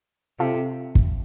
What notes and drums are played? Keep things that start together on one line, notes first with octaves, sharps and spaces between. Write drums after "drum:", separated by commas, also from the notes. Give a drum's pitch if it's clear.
C3 F4 A4
drum: kick